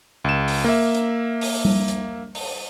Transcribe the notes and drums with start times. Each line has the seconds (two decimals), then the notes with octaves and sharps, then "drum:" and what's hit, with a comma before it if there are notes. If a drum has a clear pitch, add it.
0.24 C#2 E7
0.48 drum: open hi-hat
0.64 A#3 E5
0.95 drum: hi-hat
1.41 drum: open hi-hat
1.65 drum: tom G3
1.88 drum: hi-hat
2.35 drum: open hi-hat